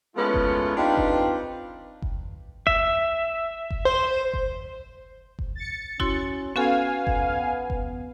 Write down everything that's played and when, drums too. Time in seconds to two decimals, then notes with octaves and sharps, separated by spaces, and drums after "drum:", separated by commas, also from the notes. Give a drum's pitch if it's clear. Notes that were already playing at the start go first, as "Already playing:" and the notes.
0.15 G#3 A3 B3 C#4 E4 F4
0.34 drum: kick F#1
0.76 C4 D4 D#4 F4 G4 B4
0.97 drum: kick F#1
2.02 drum: kick F#1
2.67 E5, drum: kick F#1
3.70 drum: kick F#1
3.85 C5
4.34 drum: kick F#1
5.39 drum: kick F#1
5.55 A6 C#7
6.00 C#4 E4 F#4 C6, drum: kick F#1
6.56 B3 C#4 F#4 A4 F5 G#5
7.07 drum: kick F#1
7.70 drum: kick F#1